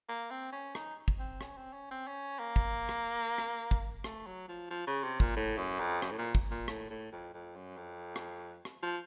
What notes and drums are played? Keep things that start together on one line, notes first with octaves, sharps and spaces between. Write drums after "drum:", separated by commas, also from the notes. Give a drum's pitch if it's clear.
A#3
C4
C#4
D#4, drum: rim click
drum: kick
C4
C#4, drum: rim click
C4
C#4
C4
C#4
A#3
drum: kick
drum: rim click
drum: rim click
drum: kick
A3, drum: rim click
F#3
F3
F3
C#3
C3
A#2, drum: kick
A2
F#2
F2
F#2, drum: rim click
A2
A#2
drum: kick
A#2
A2, drum: rim click
A2
F2
F2
F#2
F2
drum: rim click
drum: rim click
F3